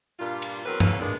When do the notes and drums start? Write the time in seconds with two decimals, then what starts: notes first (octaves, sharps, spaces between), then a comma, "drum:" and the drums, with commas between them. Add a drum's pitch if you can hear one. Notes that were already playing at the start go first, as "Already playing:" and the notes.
0.19 G2 A#2 F4
0.42 drum: cymbal
0.65 E2 F#3 C4 A#4 B4
0.80 A#3 C#4 F4 A4 B4, drum: tom G2
1.00 G#3 A#3 B3 D4